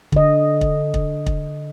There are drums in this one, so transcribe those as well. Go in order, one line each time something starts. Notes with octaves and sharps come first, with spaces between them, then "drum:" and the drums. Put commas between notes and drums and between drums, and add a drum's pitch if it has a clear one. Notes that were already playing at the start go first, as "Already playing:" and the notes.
D3 D#5, drum: kick
drum: kick
drum: kick
drum: kick